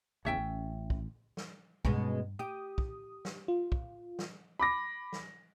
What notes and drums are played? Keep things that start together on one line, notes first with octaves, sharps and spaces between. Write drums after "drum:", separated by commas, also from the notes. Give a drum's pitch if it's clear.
A1 E2 C#3 C#4 E5 G5
A1
drum: kick
drum: snare
G2 B2 G#3 C#4, drum: kick
G4 D#6
drum: kick
drum: snare
F4
drum: kick
drum: snare
B5 D6 A#6
drum: snare